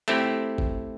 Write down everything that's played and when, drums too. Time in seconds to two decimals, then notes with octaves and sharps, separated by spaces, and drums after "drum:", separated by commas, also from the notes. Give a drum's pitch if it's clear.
0.08 A3 C4 E4 G4, drum: hi-hat
0.58 drum: kick